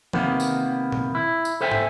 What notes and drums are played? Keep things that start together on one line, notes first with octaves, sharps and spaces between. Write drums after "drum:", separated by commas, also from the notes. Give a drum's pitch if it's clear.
C3 D#3 A#3 B3, drum: tom E3
drum: tambourine
drum: tom A#2
E4
drum: tambourine
A4 C5 E5 G5 G#5
drum: tom